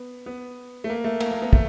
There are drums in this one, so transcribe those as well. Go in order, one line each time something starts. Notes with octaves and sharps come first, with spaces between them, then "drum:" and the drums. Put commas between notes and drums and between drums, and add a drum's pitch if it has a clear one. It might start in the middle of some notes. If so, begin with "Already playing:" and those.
Already playing: B3
B3
A3
A#3
A3
A#3, drum: cymbal
A#3
B3
A3, drum: kick